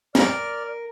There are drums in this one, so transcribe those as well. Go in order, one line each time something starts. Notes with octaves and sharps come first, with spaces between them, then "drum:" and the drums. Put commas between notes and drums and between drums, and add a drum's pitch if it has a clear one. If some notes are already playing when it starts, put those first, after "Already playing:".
A#4 D5 F6, drum: snare